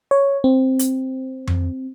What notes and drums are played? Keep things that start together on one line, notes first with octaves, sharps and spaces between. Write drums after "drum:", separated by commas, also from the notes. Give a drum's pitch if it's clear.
C#5
C4
drum: hi-hat
drum: tom F2